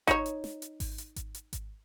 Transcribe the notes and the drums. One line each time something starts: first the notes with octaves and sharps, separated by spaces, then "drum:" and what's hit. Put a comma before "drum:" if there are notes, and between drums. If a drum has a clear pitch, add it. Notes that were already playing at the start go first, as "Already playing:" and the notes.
D#4 C#5, drum: kick G#1, hi-hat
drum: hi-hat
drum: snare
drum: hi-hat
drum: kick G#1, open hi-hat
drum: hi-hat
drum: kick G#1, hi-hat
drum: hi-hat
drum: kick G#1, hi-hat